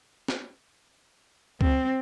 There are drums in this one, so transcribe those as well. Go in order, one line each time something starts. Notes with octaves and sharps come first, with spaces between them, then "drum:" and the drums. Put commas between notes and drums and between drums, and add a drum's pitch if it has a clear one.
drum: snare
C4, drum: kick C#2